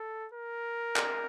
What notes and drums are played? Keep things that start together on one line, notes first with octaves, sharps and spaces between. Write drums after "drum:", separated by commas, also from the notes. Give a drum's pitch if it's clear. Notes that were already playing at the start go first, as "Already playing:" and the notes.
Already playing: A4
A#4
drum: clap